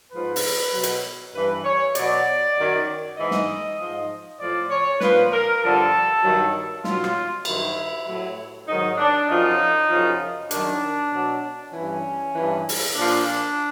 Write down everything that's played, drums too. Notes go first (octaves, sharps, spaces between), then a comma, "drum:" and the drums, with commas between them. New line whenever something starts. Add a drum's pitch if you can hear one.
G#2 F3 B4
drum: open hi-hat
B2 F#3
drum: hi-hat
G2 E3 B4
C#5
B2 F#3 D5, drum: hi-hat
F#2 D#3 F#3
G#2 E3 D#5
drum: snare
G#2 F3
A2 F3 D5
C#5
A#2 F3 B4, drum: snare
A#4
G2 D3 F3 A4
G2 D#3 F#3
B2 F#3 F4, drum: snare
drum: rim click
G2 D#3 F#3 E4, drum: cymbal
A2 F#3
G#2 D#3 F#3 D#4
D4
F#2 C#3 F3 D#4
F#2 C#3 F3
F#2 D#3 F#3 D4, drum: hi-hat
B2 F#3
G2 E3 C#4
G2 E3
drum: open hi-hat
A#2 F3 D4